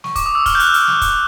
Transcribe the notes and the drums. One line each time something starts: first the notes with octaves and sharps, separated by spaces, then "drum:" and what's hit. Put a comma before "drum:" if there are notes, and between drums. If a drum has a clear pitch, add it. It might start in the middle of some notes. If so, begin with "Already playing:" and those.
C#6, drum: snare
D6, drum: kick, hi-hat
D#6
E6
F6, drum: kick, hi-hat
G6
F#6, drum: hi-hat
E6
F6, drum: hi-hat
drum: snare
drum: kick, hi-hat